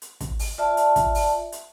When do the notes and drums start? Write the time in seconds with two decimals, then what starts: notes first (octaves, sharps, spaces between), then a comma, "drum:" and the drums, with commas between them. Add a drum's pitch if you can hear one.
0.02 drum: hi-hat
0.20 drum: kick, hi-hat
0.39 drum: open hi-hat
0.58 F4 D5 E5 A5
0.77 drum: hi-hat
0.96 drum: kick, hi-hat
1.15 drum: open hi-hat
1.52 drum: hi-hat